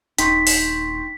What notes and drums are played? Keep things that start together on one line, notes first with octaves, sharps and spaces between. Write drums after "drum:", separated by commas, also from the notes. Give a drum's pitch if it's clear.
D#1 D#4 G5 C6 C#6 B6, drum: hi-hat
drum: open hi-hat